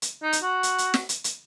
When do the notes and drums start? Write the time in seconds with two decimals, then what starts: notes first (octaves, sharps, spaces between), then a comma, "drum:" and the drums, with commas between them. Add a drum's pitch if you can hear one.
0.02 drum: hi-hat
0.23 D#4
0.33 drum: hi-hat
0.43 F#4
0.63 drum: hi-hat
0.78 drum: hi-hat
0.94 drum: snare
1.09 drum: hi-hat
1.24 drum: hi-hat